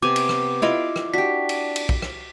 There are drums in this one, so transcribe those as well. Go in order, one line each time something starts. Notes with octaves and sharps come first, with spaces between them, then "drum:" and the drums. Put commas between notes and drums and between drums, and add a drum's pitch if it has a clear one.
C3 B3 C5 G#5 D6
drum: cymbal
drum: rim click
E4 F4 D5 D#5 F5 B5
drum: rim click
D4 F#4 G4 B6
drum: cymbal
drum: cymbal
drum: kick
drum: rim click